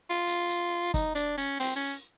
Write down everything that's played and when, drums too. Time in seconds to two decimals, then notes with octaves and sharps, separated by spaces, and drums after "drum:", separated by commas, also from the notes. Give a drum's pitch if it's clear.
0.10 F4
0.27 drum: hi-hat
0.49 drum: hi-hat
0.94 D#4, drum: kick, hi-hat
1.15 D4, drum: hi-hat
1.37 C#4, drum: hi-hat
1.60 C4, drum: open hi-hat
1.76 C#4